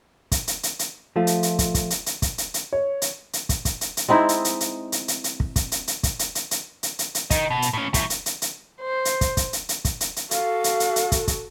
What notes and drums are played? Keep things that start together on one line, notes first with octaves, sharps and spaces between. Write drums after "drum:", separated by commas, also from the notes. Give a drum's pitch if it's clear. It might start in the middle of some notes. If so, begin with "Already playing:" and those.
drum: kick, hi-hat
drum: hi-hat
drum: hi-hat
drum: hi-hat
F3 A3 F4
drum: hi-hat
drum: hi-hat
drum: kick, hi-hat
drum: kick, hi-hat
drum: hi-hat
drum: hi-hat
drum: kick, hi-hat
drum: hi-hat
drum: hi-hat
C#5
drum: hi-hat
drum: hi-hat
drum: kick, hi-hat
drum: kick, hi-hat
drum: hi-hat
drum: hi-hat
G#3 C4 D#4 E4
drum: hi-hat
drum: hi-hat
drum: hi-hat
drum: hi-hat
drum: hi-hat
drum: hi-hat
drum: kick
drum: kick, hi-hat
drum: hi-hat
drum: hi-hat
drum: kick, hi-hat
drum: hi-hat
drum: hi-hat
drum: hi-hat
drum: hi-hat
drum: hi-hat
drum: hi-hat
D#3 D#5, drum: kick, hi-hat
B2
drum: hi-hat
A2 C#4
F#3 E4, drum: kick, hi-hat
drum: hi-hat
drum: hi-hat
drum: hi-hat
C5
drum: hi-hat
drum: kick, hi-hat
drum: kick, hi-hat
drum: hi-hat
drum: hi-hat
drum: kick, hi-hat
drum: hi-hat
drum: hi-hat
F#4 A4 F5, drum: hi-hat
drum: hi-hat
drum: hi-hat
drum: hi-hat
drum: kick, hi-hat
drum: kick, hi-hat